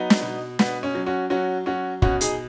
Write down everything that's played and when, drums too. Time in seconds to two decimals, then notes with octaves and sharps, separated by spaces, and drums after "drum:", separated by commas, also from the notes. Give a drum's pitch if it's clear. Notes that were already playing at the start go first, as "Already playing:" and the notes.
Already playing: F#3 B3 D#4
0.10 drum: snare
0.22 B2
0.59 B2 B3, drum: snare
0.83 C#4
0.95 F#3
1.06 C#4 F#4
1.30 F#3 C#4 F#4
1.66 F#3 C#4 F#4
2.02 B2 C#4 F#4, drum: kick
2.21 D#4 G#4, drum: hi-hat